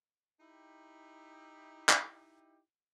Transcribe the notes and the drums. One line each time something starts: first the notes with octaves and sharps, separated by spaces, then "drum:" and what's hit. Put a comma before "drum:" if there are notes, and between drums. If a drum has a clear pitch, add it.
D#4 E4 G4
drum: clap